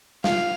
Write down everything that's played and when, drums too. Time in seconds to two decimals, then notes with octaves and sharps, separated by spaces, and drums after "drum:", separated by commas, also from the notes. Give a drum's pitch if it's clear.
0.24 F4 F5, drum: snare